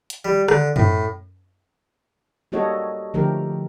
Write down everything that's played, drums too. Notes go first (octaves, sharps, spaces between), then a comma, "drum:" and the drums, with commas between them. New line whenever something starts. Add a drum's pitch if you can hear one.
drum: hi-hat
G3
D3, drum: rim click
A2, drum: tom F#2
G3 A#3 F#4 A4 C#5 D#5
D3 F3 A3 G4 A#4